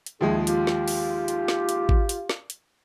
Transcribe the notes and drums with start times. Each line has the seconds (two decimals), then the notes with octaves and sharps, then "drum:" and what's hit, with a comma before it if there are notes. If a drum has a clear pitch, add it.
0.06 drum: hi-hat
0.21 D#2 F3 G#3 E4 F4 G#4
0.47 F4 G4, drum: hi-hat
0.67 drum: snare
0.88 drum: open hi-hat
1.28 drum: hi-hat
1.48 drum: snare
1.69 drum: hi-hat
1.89 drum: kick G#1
2.09 drum: hi-hat
2.29 drum: snare
2.50 drum: hi-hat